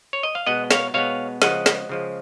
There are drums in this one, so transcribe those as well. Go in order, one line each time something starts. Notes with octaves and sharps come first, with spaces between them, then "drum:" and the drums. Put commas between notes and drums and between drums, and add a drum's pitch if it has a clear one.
C#5
D#5
F5
B2 G#3 B3 D#5 F#5
C#5 F5, drum: snare
B2 G#3 B3 C#5 F5
C#3 F3 G#3 D#5 F#5, drum: snare
drum: snare
C#3 F3 G#3